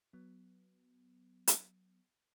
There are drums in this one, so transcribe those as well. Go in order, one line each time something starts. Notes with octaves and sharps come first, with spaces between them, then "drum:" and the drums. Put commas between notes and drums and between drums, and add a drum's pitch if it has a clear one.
F#3 B3
drum: hi-hat